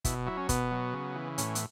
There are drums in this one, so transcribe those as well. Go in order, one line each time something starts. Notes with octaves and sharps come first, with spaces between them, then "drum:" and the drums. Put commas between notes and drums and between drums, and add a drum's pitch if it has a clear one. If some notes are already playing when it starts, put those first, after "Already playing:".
B2 E4, drum: kick, hi-hat
F#3 E4
C#4
B2 B3, drum: kick, hi-hat
F#3
C#3
E3
A2 C#4, drum: hi-hat
B3, drum: hi-hat